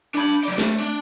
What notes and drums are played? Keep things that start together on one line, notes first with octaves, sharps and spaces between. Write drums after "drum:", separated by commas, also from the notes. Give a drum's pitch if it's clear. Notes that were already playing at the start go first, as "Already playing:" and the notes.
D4 B5
F#3 D5, drum: hi-hat
A3, drum: snare
D4